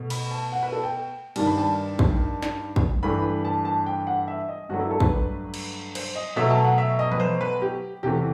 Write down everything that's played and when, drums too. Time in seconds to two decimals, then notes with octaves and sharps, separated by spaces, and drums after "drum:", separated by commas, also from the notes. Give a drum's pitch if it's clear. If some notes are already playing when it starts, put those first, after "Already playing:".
Already playing: B2 A3
0.10 B5, drum: cymbal
0.31 A5
0.52 F#5
0.63 B4
0.72 A4
0.84 G5
1.36 G2 D#3 G3 A5, drum: cymbal
1.47 B5
1.58 A5
1.99 drum: kick
2.42 drum: snare
2.76 drum: kick
3.03 G2 E3 A3 B5
3.45 A5
3.65 A5
3.86 G5
4.07 F#5
4.28 E5
4.49 D#5
4.69 G2 F#3 A3 F#4
4.80 E4
4.91 A4
5.00 B4, drum: kick
5.54 drum: cymbal
5.95 C5, drum: cymbal
6.15 D#5
6.36 B2 F#3 A3 E5
6.50 A5
6.65 F#5
6.78 E5
6.99 D#5
7.12 B4, drum: tom E3
7.20 C5
7.41 B4
7.62 G4
8.03 E2 C3 E3 A3 G4